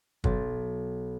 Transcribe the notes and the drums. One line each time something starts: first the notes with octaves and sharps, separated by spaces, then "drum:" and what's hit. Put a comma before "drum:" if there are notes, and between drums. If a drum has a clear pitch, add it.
B1 A6, drum: kick